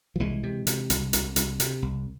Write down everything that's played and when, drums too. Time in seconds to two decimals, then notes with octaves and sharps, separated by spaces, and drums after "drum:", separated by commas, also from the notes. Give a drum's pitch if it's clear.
0.16 F3
0.20 C2 E3 G#3
0.43 C3
0.67 C3, drum: hi-hat
0.90 C2, drum: hi-hat
1.13 C2, drum: hi-hat
1.36 C2, drum: hi-hat
1.60 C3, drum: hi-hat
1.82 C2